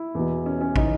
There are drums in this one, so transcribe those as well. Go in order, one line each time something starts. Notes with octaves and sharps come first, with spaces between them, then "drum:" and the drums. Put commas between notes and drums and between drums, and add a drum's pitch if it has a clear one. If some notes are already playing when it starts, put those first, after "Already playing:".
Already playing: E4
E2 B2
C#4
C#4
C#3 E3 D#4, drum: kick